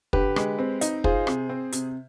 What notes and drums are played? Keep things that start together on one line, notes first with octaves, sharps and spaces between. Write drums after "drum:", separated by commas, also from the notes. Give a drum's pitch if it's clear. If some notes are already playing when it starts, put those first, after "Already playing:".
D3 G4 B4, drum: kick
G#3, drum: rim click
C4
D#4, drum: hi-hat
F4 G#4 C5, drum: kick
C3, drum: rim click
C4
C3, drum: hi-hat